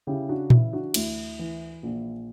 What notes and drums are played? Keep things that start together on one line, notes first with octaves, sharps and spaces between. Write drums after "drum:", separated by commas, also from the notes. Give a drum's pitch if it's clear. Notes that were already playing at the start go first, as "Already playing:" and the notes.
C#3 E4 G4
D4 F#4
E3 E4, drum: tom A#2
D4 F#4
D2 E4, drum: cymbal
E3
A#1